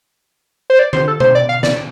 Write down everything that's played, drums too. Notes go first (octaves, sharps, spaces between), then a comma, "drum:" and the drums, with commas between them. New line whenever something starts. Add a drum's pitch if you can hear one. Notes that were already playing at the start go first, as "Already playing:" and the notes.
C5
D5
C5, drum: tom D3
A4
C5, drum: tom B2
D5
F5
D5, drum: snare